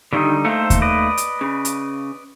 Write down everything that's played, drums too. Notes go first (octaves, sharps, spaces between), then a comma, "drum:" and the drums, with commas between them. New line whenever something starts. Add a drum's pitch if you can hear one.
G2 D3 D#3 G3 D#4
A3 A#3 D#4 A4 C5
drum: kick D#2, hi-hat
B4 D5 D#5
drum: hi-hat
C#3
drum: hi-hat